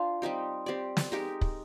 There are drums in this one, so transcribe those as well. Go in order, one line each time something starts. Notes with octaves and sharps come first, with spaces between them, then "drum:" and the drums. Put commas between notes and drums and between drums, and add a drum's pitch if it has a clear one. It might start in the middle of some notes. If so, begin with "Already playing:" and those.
Already playing: D4 F4 C5 F5
G3 C4 D#4 G4
C4 G4 D5
drum: snare
G#3 D#4 G4 A#4
drum: kick